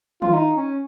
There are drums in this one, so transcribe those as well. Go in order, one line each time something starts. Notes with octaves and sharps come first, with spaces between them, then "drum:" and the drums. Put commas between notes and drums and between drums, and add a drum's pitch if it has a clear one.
F4, drum: tom D#3
D#4
C#4